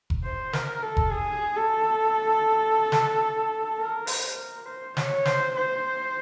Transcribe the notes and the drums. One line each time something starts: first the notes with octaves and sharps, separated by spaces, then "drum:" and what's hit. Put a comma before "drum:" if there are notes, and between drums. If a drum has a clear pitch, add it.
drum: kick F1
C5
A#4, drum: snare
A4
drum: kick F1
G#4
A4
drum: snare
A#4
C5, drum: open hi-hat
A#4
C5
C#5, drum: snare
C5, drum: snare
C5